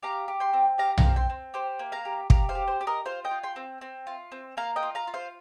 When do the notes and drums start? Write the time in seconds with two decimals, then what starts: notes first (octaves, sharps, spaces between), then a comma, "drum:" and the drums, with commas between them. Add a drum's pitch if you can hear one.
0.03 G4 F5 A#5
0.28 G4
0.40 G5 C6
0.53 C4
0.78 G4 F5 A#5
0.98 F5 A#5, drum: tom B1
1.04 C4
1.16 G5 C6
1.30 C4
1.54 G4 C5
1.79 A#3
1.92 F5 A#5
2.05 G4
2.30 G4 F5 A#5, drum: kick
2.49 C5 F5
2.55 G4
2.67 C5
2.81 G4
2.87 A#4 D#5
3.06 F4 C5 F5
3.25 D#5 G5
3.31 F4
3.43 G5 C6
3.56 C4
3.81 C4
4.07 F4
4.32 C4
4.57 A#3 F5 A#5
4.76 D#5 G5
4.83 F4
4.95 F5 A#5
5.07 F4
5.14 C5 F5